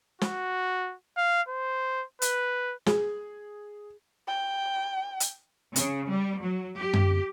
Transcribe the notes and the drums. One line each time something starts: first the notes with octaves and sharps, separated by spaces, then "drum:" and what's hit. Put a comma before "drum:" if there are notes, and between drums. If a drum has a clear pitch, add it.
F#4, drum: snare
F5
C5
B4, drum: hi-hat
G#4, drum: snare
G5
drum: hi-hat
C#3, drum: hi-hat
G3
F#3
G4
drum: tom F#2